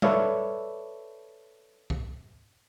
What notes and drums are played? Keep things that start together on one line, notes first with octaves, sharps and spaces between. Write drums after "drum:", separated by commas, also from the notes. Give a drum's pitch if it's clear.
A4 B4 C#5 D5 E5 F5, drum: tom G3
drum: kick